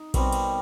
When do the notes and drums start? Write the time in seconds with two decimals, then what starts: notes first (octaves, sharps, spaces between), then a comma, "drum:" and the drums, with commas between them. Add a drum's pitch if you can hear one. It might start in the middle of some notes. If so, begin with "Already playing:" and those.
Already playing: D#4
0.14 B2 G3 C4 A#4, drum: kick A#1, cymbal
0.32 drum: cymbal